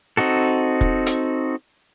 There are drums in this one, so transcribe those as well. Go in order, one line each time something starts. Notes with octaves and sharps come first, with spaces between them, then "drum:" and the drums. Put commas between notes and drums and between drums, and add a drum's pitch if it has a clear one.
C4 D#4 F#4 A4
drum: kick
drum: hi-hat